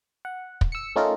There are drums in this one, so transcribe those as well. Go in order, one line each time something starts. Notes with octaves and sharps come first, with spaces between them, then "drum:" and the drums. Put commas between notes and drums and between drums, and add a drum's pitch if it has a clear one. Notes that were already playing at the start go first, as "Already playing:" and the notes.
F#5
drum: kick
E6 C#7
A3 C#4 D#4 F4 A4 A#4